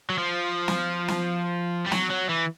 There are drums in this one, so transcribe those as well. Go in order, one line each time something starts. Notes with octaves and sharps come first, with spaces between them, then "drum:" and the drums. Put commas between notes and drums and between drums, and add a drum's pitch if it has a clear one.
F#3
F3
drum: snare
drum: snare
G3
F#3, drum: snare
F#3
E3